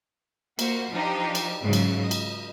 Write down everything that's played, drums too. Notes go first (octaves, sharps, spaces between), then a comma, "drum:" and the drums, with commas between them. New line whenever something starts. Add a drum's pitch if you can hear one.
A#3 F#4 C5, drum: cymbal
F3 D4 D#4 G4
drum: cymbal
G#2 C#3 F#3
drum: cymbal
D#5
drum: cymbal